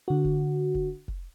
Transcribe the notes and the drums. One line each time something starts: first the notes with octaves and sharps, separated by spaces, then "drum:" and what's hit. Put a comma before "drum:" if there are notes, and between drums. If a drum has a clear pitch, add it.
D3 F#4
drum: kick F1
drum: kick F1
drum: kick F1